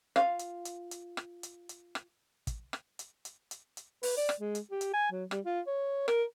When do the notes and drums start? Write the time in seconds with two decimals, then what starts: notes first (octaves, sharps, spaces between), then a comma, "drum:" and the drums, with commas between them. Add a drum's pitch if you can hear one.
0.16 F4 F5, drum: rim click
0.39 drum: hi-hat
0.65 drum: hi-hat
0.91 drum: hi-hat
1.17 drum: rim click
1.43 drum: hi-hat
1.69 drum: hi-hat
1.95 drum: rim click
2.47 drum: kick, hi-hat
2.73 drum: rim click
2.99 drum: hi-hat
3.25 drum: hi-hat
3.51 drum: hi-hat
3.77 drum: hi-hat
4.03 B4, drum: open hi-hat
4.17 D5
4.29 drum: rim click
4.40 G#3
4.55 drum: hi-hat
4.71 G4
4.81 drum: hi-hat
4.93 G#5
5.11 F#3
5.31 G3, drum: rim click
5.46 F4
5.67 C#5
6.08 A#4, drum: rim click